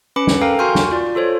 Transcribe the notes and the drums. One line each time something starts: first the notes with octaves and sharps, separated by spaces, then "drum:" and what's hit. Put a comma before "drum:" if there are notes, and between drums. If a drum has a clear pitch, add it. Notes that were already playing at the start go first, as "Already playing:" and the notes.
C#4 B4 B5 D6 C#7
drum: snare
A4 A#4 F5 G5 A#5
F#4 G#5 C6 C#6 F6 G6
drum: snare
F4 D5
F4 A4 C5 C#5